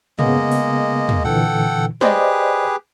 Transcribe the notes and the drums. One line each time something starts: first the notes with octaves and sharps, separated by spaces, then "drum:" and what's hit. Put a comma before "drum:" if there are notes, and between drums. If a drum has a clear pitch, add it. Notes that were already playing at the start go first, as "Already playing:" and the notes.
C#3 G#3 A#3 B3 D#5, drum: tom
drum: open hi-hat
drum: tom
A#2 D3 E3 A4 F#5 G5
G4 G#4 B4 C5 D5 D#5, drum: snare